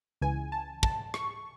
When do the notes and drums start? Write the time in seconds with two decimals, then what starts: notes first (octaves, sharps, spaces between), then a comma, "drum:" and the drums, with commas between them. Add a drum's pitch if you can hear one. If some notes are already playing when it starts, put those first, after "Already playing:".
0.21 C#2 C#3 E3 G#5
0.52 A5
0.83 A5, drum: kick
1.14 C#6, drum: rim click